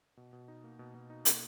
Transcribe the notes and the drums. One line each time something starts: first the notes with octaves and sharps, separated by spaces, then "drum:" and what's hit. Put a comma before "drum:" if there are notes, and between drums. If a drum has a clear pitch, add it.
B2
B2
D#4
A#3
B2
B2
D#4
A#3, drum: hi-hat